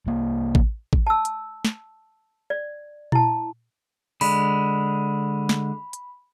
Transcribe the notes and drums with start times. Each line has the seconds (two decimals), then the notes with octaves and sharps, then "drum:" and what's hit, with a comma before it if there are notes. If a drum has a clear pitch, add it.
0.06 C2 A#3
0.55 drum: kick A1
0.93 drum: kick A1
1.07 A5 E6
1.25 drum: hi-hat
1.65 drum: snare
2.50 D5
3.12 E4 A5, drum: tom A#2
4.21 D3 G#3 B5, drum: open hi-hat
5.49 drum: snare
5.93 drum: hi-hat